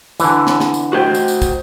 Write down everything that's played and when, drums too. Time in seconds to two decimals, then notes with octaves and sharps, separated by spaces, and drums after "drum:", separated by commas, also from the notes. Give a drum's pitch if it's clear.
0.20 D3 E3, drum: tambourine
0.47 drum: snare
0.60 drum: snare
0.74 drum: tambourine
0.93 F#4 C5 G5
1.15 drum: tambourine
1.28 drum: tambourine
1.42 drum: kick, tambourine